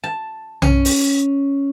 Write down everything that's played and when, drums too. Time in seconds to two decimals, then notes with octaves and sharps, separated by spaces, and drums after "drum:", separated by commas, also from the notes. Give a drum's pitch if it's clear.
0.04 A5
0.62 C#4, drum: tom B1
0.85 drum: open hi-hat